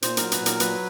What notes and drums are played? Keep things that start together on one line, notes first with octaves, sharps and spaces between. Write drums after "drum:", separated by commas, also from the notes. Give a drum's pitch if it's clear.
A#2 C5, drum: hi-hat
F#3 A#4, drum: hi-hat
B4, drum: hi-hat
A#2
A#4, drum: hi-hat
F#3 B4, drum: hi-hat